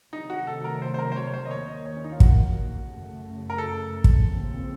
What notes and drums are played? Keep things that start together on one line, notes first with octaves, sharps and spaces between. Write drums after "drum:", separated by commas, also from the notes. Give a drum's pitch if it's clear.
C3 D#3 F#3 A3 D#4
F#4
A4
A#4
C5
C5
A#4
C5
C#5
C#5
C5
D#5
D#2 D#3 A#3 C#5
D#5
C#5
C#4
D#4
F4
F#4, drum: kick
F#2 C#3 A3
A#4
A4
drum: kick
D#2 C#3 F3 C4